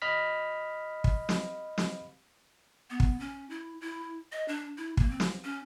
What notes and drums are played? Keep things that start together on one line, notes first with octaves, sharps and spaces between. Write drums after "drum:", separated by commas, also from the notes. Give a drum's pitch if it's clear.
D#5 B5 F6 B6
drum: kick
drum: snare
drum: snare
B3
drum: kick
C#4
E4
E4
D#5
D4
E4
A#3, drum: kick
C4
drum: snare
C#4